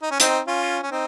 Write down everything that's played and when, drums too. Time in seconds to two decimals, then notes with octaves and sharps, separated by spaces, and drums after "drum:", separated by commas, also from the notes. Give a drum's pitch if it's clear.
0.03 D#4
0.11 C#4
0.20 C4 D#4, drum: hi-hat
0.47 C#4 F4
0.83 C#4
0.91 C4 D#4